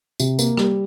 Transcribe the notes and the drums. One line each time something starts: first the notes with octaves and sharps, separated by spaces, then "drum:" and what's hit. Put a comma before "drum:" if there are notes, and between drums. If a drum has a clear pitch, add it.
C3, drum: tambourine
A#3, drum: tambourine
G3, drum: rim click